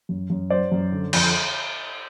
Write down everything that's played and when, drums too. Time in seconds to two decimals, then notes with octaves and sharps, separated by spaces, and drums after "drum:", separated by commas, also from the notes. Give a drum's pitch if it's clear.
0.09 F#2
0.30 F#2
0.50 F#3 C5 D5
0.72 F#2
0.92 D3
1.13 F2, drum: cymbal